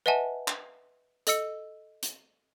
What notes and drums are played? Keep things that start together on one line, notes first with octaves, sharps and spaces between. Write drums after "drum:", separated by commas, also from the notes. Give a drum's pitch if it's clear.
B4 D#5 E5 F#5 G#5 A5
drum: clap
A4 D#5 E6 C#7, drum: hi-hat
drum: hi-hat